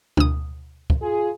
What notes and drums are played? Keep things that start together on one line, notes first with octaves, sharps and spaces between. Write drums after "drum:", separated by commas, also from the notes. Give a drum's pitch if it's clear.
D2 D#6, drum: tom B2
drum: kick
F4 G#4